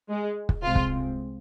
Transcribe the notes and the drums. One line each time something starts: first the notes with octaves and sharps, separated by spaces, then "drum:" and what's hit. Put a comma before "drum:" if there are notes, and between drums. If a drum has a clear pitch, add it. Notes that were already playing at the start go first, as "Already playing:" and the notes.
G#3
drum: kick
C2 C3 G#3 C4 F4
drum: kick